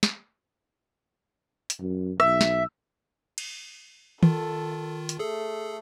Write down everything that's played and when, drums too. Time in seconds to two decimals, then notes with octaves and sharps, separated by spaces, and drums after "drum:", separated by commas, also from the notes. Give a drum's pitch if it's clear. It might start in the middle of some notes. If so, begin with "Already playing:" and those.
0.03 drum: snare
1.70 drum: hi-hat
1.81 F#2
2.20 B1 E5 E6, drum: rim click
2.41 drum: snare
3.38 drum: cymbal
4.23 D#3 F4 A4, drum: tom D#3
5.09 drum: hi-hat
5.19 A3 G#4 A4